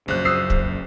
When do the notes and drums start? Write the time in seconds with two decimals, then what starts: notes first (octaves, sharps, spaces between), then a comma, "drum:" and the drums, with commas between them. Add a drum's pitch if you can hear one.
0.08 A#1 F#2 C#3 C5 F#6
0.25 D#6 E6 C7
0.50 drum: kick